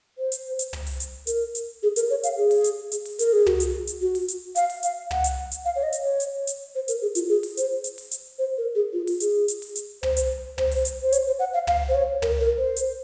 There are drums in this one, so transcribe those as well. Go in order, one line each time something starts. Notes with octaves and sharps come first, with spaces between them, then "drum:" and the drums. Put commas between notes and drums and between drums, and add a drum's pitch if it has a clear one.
C5
drum: hi-hat
drum: hi-hat
drum: tom
drum: open hi-hat
drum: hi-hat
A#4, drum: hi-hat
drum: hi-hat
G#4
A#4, drum: hi-hat
C#5
F5, drum: hi-hat
G#4
drum: open hi-hat
drum: hi-hat
drum: hi-hat
drum: open hi-hat
A#4, drum: hi-hat
G#4
F#4, drum: tom
drum: hi-hat
drum: hi-hat
F#4
drum: open hi-hat
drum: hi-hat
F5, drum: hi-hat
drum: open hi-hat
F5, drum: hi-hat
F#5, drum: tom
drum: hi-hat
drum: hi-hat
F5
C#5
D#5
drum: hi-hat
C#5
drum: hi-hat
drum: hi-hat
C5
A#4, drum: hi-hat
G#4
F4, drum: hi-hat
G#4
drum: open hi-hat
C5, drum: hi-hat
drum: hi-hat
drum: open hi-hat
drum: hi-hat
C5
A#4
G#4
F4
drum: open hi-hat
G#4, drum: hi-hat
drum: hi-hat
drum: open hi-hat
drum: hi-hat
C5, drum: tom
drum: hi-hat
C5, drum: tom
drum: open hi-hat
drum: hi-hat
C5
C#5, drum: hi-hat
C5
F#5
F5
F5, drum: tom
C5
C#5
A#4, drum: tom
A#4
C5
drum: hi-hat